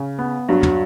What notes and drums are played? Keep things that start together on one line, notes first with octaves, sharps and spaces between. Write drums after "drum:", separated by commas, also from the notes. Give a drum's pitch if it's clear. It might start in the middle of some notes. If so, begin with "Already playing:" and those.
Already playing: C#3
B3
G2 F#3
drum: tom